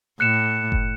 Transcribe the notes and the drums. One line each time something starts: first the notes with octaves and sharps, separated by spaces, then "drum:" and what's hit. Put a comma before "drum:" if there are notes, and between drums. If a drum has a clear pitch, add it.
A2 F#6 C#7 E7
drum: kick F#1